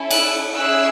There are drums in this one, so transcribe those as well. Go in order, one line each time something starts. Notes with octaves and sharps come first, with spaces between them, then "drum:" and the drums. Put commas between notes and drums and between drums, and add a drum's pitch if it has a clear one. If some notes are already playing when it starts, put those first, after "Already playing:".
Already playing: C#4 E4 A4
E6 F#6, drum: cymbal
C#4 E4 G#4 E6 F#6